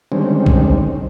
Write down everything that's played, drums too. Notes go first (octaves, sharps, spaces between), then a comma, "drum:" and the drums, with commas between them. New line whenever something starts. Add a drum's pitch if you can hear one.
D3 D#3 G3 G#3 C4 C#4
drum: kick A#1